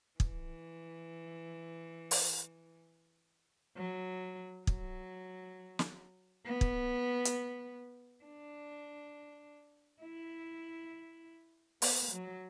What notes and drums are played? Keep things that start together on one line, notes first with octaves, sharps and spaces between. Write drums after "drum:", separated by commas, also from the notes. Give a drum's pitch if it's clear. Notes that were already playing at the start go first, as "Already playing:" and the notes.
E3, drum: kick
drum: open hi-hat
F#3
F#3, drum: kick
drum: snare
B3
drum: kick
drum: hi-hat
D4
E4
B3, drum: open hi-hat
F#3